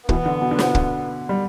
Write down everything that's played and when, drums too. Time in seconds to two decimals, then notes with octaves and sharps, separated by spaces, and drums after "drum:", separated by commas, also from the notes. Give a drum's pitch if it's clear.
0.09 B2 E3 B3, drum: kick
0.26 D3
0.42 B2
0.51 D3
0.59 B2, drum: snare
0.75 D3, drum: kick
1.29 G3